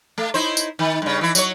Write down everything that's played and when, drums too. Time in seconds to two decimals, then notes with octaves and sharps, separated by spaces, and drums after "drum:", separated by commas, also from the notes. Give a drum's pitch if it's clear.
0.18 A3
0.34 D#4 E4 C5
0.57 drum: tambourine
0.79 D#3
1.02 G2 C#3
1.21 E3 E4
1.35 F#3 C#5, drum: tambourine